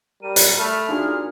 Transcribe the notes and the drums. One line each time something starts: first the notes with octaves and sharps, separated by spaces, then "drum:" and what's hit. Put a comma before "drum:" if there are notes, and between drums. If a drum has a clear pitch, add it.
G3 A#4 D#7
drum: hi-hat
A3 B5 F6
A#2 D4 D#4 F#4 G#4